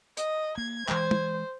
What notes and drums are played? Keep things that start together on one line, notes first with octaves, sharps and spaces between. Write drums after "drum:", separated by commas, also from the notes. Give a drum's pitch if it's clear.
D#5, drum: hi-hat
A#3 G#6
E3 G#3 C5, drum: clap
drum: tom